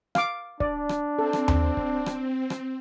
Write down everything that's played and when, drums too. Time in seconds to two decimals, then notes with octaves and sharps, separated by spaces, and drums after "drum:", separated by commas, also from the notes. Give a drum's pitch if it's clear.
0.15 F5 D6, drum: rim click
0.60 D4 D5, drum: kick
0.89 drum: rim click
1.19 C4 A4
1.33 drum: rim click
1.48 drum: tom D#2
1.77 drum: kick
2.06 drum: rim click
2.50 drum: rim click